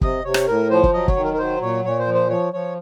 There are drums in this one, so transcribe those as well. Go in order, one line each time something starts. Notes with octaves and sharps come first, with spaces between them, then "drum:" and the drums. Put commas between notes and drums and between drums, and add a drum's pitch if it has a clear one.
C3 D#5, drum: kick
C3 C#5
drum: rim click
A2 A#4
F3 C5
drum: kick
F#3 D#5
C#5, drum: kick
D#3
A#4
A#4
F#3 C5
A#2 C#5
A#2 C#5
C5
F3
C5
F3 C#5
F3 C#5